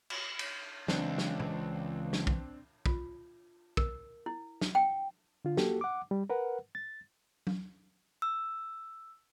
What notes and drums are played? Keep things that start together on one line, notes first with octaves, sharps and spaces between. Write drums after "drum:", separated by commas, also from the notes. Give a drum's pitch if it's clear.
drum: cymbal
drum: cymbal
C#2 E3 C4 D4, drum: snare
drum: snare
drum: tom A#2
drum: snare
drum: kick
F4, drum: kick
A#4, drum: kick
E4
drum: snare
G5
D3 F4
A#3 F#4 G4 A4, drum: snare
F#5 D6
G3
A#4 B4 F#5
A6
drum: tom F#3
E6